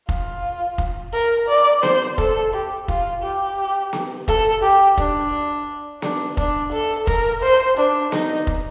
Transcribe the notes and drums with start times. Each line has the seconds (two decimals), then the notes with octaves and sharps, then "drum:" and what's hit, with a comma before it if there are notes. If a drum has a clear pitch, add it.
0.09 F4, drum: kick F1
0.78 drum: kick F1
1.13 A#4
1.48 D5
1.83 C5, drum: snare B3
2.18 A4, drum: kick F1
2.53 G4
2.88 F4, drum: kick F1
3.22 G4
3.93 drum: snare B3
4.28 A4, drum: kick F1
4.63 G4
4.97 D4, drum: kick F1
6.02 D4, drum: snare B3
6.37 D4, drum: kick F1
6.72 A4
7.07 A#4, drum: kick F1
7.42 C5
7.77 D4
8.12 D#4, drum: snare B3
8.47 drum: kick F1